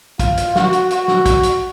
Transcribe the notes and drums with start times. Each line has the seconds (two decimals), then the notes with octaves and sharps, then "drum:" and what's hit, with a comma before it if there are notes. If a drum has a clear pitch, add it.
0.19 F4, drum: kick, hi-hat
0.37 drum: hi-hat
0.56 F#4, drum: snare
0.73 drum: hi-hat
0.91 F#4, drum: hi-hat
1.08 drum: snare
1.26 drum: kick, hi-hat
1.43 drum: hi-hat